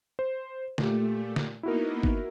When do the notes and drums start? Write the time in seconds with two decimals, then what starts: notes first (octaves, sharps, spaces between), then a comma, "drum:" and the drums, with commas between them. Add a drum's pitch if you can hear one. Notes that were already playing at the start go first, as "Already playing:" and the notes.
0.19 C5
0.78 A#2 A3 G4, drum: snare
1.36 drum: snare
1.63 A#3 B3 D#4 E4 F#4 A#4
2.03 drum: kick